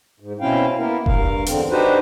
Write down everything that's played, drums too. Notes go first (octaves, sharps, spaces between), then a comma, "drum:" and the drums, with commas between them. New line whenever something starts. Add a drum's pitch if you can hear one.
G#2
B2 C4 C#4 E4 F5 G5
A#3 B3 E4 A#4
G2 A#4 F5, drum: kick F1
E2 D3 C4, drum: hi-hat
D4 D#4 F#4 G4 B4 C5